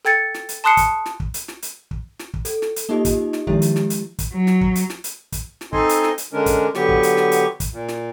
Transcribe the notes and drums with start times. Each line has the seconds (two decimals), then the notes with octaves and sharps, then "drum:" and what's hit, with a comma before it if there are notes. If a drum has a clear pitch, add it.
0.05 A4 G5 G#6 A6 C#7
0.34 drum: snare
0.49 drum: hi-hat
0.64 A5 C6 D#6 F#6 C7 C#7
0.77 drum: kick, hi-hat
1.06 drum: snare
1.20 drum: kick
1.34 drum: hi-hat
1.48 drum: snare
1.62 drum: hi-hat
1.91 drum: kick
2.19 drum: snare
2.34 drum: kick
2.45 A4, drum: hi-hat
2.62 drum: snare
2.76 drum: hi-hat
2.89 A#3 D#4 F4 G4 D#5
3.05 drum: kick, hi-hat
3.33 drum: snare
3.47 D#3 F3 G#3 E4 G4 E5, drum: kick
3.62 drum: hi-hat
3.76 drum: snare
3.90 drum: hi-hat
4.19 drum: kick, hi-hat
4.33 F#3
4.47 drum: snare
4.61 drum: kick
4.75 drum: hi-hat
4.90 drum: snare
5.04 drum: hi-hat
5.32 drum: kick, hi-hat
5.61 drum: snare
5.73 C4 D#4 A4 D#5 G#5 C6, drum: kick
5.89 drum: hi-hat
6.04 drum: snare
6.18 drum: hi-hat
6.33 D3 G#3 C#4 D4 A#4
6.46 drum: kick, hi-hat
6.75 D3 F#3 B3 G4 C#6, drum: snare
6.89 drum: kick
7.03 drum: hi-hat
7.17 drum: snare
7.32 drum: hi-hat
7.60 drum: kick, hi-hat
7.72 A#2
7.88 drum: snare